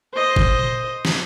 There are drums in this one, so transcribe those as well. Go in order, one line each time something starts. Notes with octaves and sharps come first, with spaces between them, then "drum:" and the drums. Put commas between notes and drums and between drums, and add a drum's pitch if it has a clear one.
C5 D#5
drum: kick G1
drum: tom A#2
drum: snare